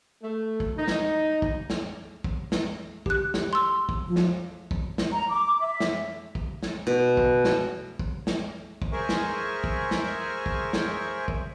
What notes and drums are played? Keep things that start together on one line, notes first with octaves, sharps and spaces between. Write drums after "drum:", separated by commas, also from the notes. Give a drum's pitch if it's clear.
A3
drum: kick
D#4
drum: snare
drum: kick
drum: snare
drum: kick
drum: snare
G4 F#6, drum: kick
drum: snare
C6 E6
drum: kick
F3
drum: snare
drum: kick
drum: snare
A#5
D6
E5
drum: snare
drum: kick
drum: snare
B2
drum: kick
drum: snare
drum: kick
drum: snare
drum: kick
G#4 A#4 C5 E5 G#5 C#6
drum: snare
drum: kick
drum: snare
drum: kick
drum: snare
drum: kick